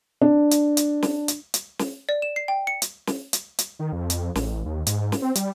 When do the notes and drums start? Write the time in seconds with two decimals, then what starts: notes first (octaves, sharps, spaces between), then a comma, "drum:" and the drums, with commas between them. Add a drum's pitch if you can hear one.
0.21 D4
0.51 drum: hi-hat
0.77 drum: hi-hat
1.03 drum: snare
1.28 drum: hi-hat
1.54 drum: hi-hat
1.79 drum: snare
2.09 D5
2.22 E7
2.36 C7
2.48 G5
2.67 C#7
2.82 drum: hi-hat
3.07 drum: snare
3.33 drum: hi-hat
3.59 drum: hi-hat
3.79 D#3
3.93 F2
4.10 drum: hi-hat
4.35 A1, drum: snare
4.66 D#2
4.87 G#2, drum: hi-hat
5.12 drum: snare
5.22 C4
5.35 G3, drum: hi-hat